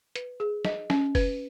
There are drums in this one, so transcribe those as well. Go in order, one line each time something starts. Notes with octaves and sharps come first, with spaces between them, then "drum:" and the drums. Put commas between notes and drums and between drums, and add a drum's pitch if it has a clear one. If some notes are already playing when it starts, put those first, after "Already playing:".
B4, drum: hi-hat
G#4
D#5, drum: snare
C#4, drum: snare
B4, drum: kick, open hi-hat